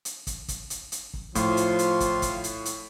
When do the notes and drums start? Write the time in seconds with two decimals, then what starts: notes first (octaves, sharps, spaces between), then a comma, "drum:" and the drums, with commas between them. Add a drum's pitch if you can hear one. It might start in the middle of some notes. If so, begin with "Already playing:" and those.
0.05 drum: hi-hat
0.27 drum: kick, hi-hat
0.48 drum: kick, hi-hat
0.70 drum: hi-hat
0.92 drum: hi-hat
1.14 drum: kick
1.35 A2 F3 F4 C6, drum: kick, hi-hat
1.57 drum: hi-hat
1.79 drum: hi-hat
2.00 drum: kick, hi-hat
2.22 drum: kick, hi-hat
2.44 drum: hi-hat
2.65 drum: hi-hat